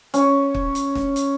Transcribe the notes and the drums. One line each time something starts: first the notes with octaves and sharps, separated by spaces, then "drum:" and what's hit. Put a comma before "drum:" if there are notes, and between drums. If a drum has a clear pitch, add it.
C#4, drum: hi-hat
drum: kick
drum: hi-hat
drum: snare E1
drum: hi-hat